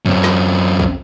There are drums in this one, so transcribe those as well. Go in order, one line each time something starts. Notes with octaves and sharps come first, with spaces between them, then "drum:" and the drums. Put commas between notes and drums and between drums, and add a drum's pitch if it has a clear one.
F#2 C4, drum: tom G2
drum: snare
drum: kick B1